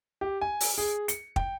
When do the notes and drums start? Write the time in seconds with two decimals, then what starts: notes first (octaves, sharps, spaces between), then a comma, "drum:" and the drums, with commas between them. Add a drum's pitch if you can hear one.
0.21 G4
0.41 G#5
0.60 drum: open hi-hat
0.78 G#4
1.08 C#7, drum: hi-hat
1.36 G5, drum: kick